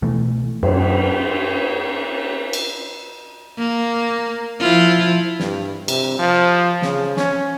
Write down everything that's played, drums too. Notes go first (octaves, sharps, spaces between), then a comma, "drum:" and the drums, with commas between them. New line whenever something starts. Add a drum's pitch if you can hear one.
B2 E3 A3
F#2, drum: cymbal
drum: cymbal
A#3
F3 E4 F4
G2, drum: snare
C3, drum: cymbal
F3
C#3, drum: snare
C#4, drum: snare